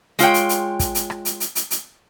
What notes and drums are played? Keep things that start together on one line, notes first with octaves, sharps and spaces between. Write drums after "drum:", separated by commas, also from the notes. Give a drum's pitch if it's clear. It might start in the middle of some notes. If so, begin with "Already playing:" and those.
G#3 F4 C#5 G5, drum: hi-hat
drum: hi-hat
drum: hi-hat
drum: kick, hi-hat
drum: hi-hat
drum: rim click
drum: hi-hat
drum: hi-hat
drum: hi-hat
drum: hi-hat